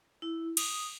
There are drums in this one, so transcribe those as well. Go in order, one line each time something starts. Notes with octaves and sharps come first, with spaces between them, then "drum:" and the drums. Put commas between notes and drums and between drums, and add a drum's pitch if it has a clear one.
E4
D#6, drum: cymbal